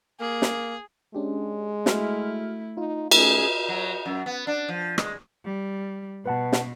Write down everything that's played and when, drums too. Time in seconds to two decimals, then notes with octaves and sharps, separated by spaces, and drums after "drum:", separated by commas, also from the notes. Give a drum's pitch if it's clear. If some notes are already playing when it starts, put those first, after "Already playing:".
0.20 A#3 G#4
0.42 drum: snare
1.15 G#3 C#4 D4 G4
1.86 A3 E4 F#4 F6, drum: snare
2.77 D#4 F4
3.11 A3 C#4 D#4 G#4, drum: cymbal
3.68 F#3
4.06 F#2
4.26 B3
4.47 D4
4.68 F3
4.98 G#3, drum: rim click
5.45 G3
6.26 B2 B4 F#5 A5
6.52 drum: snare